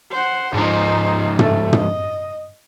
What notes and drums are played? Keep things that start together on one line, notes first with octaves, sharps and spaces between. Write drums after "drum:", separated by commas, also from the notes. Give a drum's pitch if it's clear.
C5 F#5
G#2 F3 D#4 C5
A3, drum: tom
D#5, drum: tom